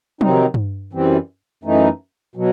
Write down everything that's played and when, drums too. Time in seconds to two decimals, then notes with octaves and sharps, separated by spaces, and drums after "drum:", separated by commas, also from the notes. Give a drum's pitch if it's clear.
0.21 C3 D#3 F#3 C4 D#4, drum: tom F3
0.54 drum: tom G2
0.93 F#2 E3 G3 C4
1.64 F#2 E3 A3 D#4
2.35 B2 F#3